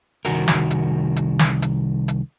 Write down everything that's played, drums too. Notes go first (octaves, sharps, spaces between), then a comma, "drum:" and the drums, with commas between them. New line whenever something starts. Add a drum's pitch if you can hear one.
C2 D#3 F#4 A#4, drum: hi-hat
drum: snare
drum: hi-hat
drum: hi-hat
drum: snare
drum: hi-hat
drum: hi-hat